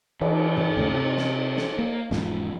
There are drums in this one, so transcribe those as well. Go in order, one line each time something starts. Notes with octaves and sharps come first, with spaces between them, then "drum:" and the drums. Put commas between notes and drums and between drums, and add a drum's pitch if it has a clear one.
E3, drum: cymbal
drum: tom
D#2 C#3 A3
C3
drum: snare
drum: snare
A#3
E1 G#2 F3, drum: snare